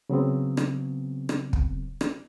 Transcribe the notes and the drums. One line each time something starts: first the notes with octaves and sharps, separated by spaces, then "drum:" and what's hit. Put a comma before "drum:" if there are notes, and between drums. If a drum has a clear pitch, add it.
C#3 F#3 B3 C4
drum: rim click
drum: rim click
drum: kick
drum: rim click